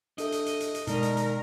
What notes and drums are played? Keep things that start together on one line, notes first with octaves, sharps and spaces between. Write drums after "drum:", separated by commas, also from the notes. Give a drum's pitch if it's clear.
D4 A4 D#5 E5, drum: hi-hat
drum: hi-hat
drum: hi-hat
drum: hi-hat
drum: hi-hat
B2 D#3 G#3 D#4 A#4 D5, drum: hi-hat
drum: hi-hat
drum: hi-hat